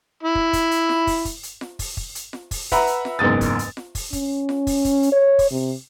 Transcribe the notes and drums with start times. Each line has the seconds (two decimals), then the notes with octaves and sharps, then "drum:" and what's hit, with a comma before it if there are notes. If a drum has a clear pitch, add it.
0.23 E4
0.35 drum: kick
0.53 drum: kick, hi-hat
0.71 drum: hi-hat
0.89 drum: snare F4
1.07 drum: kick, open hi-hat
1.25 drum: kick, hi-hat
1.43 drum: hi-hat
1.61 drum: snare F4
1.79 drum: kick, open hi-hat
1.97 drum: kick
2.15 drum: hi-hat
2.33 drum: snare F4
2.51 drum: kick, open hi-hat
2.72 B4 E5 F#5 A#5 B5, drum: kick, hi-hat
2.87 drum: hi-hat
3.05 drum: snare F4
3.19 F#1 E2 G#2 D#6 A6
3.41 drum: kick, hi-hat
3.59 drum: hi-hat
3.77 drum: snare F4
3.95 drum: kick, open hi-hat
4.13 C#4, drum: kick, hi-hat
4.49 drum: snare F4
4.67 drum: kick, open hi-hat
4.85 drum: kick, hi-hat
5.03 drum: hi-hat
5.12 C#5
5.39 drum: kick, open hi-hat
5.51 C3